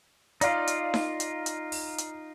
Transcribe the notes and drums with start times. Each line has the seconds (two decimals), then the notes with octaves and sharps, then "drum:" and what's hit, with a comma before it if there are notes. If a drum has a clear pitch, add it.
0.41 D#4 F4 D5 F5, drum: hi-hat
0.67 drum: hi-hat
0.94 drum: snare D#4
1.20 drum: hi-hat
1.46 drum: hi-hat
1.72 drum: open hi-hat
1.98 drum: hi-hat